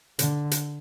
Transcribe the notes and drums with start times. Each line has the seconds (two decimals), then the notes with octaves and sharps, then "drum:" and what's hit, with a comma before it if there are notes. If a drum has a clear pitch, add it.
0.19 D3, drum: hi-hat
0.51 drum: hi-hat